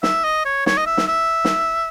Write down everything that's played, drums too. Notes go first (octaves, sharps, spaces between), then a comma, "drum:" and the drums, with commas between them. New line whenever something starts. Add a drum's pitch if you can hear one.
E5, drum: snare
D#5
C#5
C#5, drum: snare
D#5
E5
drum: snare
E5
drum: snare